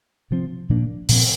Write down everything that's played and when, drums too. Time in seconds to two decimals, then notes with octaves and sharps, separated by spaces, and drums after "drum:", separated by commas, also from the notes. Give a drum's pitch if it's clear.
0.31 C3 F3 C4
0.69 A#2 F3 A#3 D4
1.09 A#2 F3 C4, drum: open hi-hat